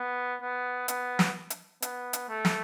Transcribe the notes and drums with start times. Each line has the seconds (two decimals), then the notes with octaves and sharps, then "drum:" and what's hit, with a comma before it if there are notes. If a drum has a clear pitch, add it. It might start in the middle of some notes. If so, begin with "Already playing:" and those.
Already playing: B3
0.41 B3
0.88 B3, drum: hi-hat
1.19 drum: snare
1.50 drum: hi-hat
1.82 B3, drum: hi-hat
2.13 drum: hi-hat
2.29 A3
2.45 drum: snare